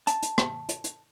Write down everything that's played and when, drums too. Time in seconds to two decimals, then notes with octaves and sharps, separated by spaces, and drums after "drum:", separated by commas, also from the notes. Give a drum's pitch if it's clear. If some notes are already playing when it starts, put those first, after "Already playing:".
0.07 A5, drum: hi-hat
0.23 drum: hi-hat
0.38 drum: rim click
0.69 drum: hi-hat
0.84 drum: hi-hat